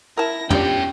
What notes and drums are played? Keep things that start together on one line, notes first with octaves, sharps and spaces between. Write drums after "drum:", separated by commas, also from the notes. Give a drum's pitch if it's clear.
E4 A#4 A5 A#6
B3 C#4 D4 F4 G4 C#5 D5 G5, drum: tom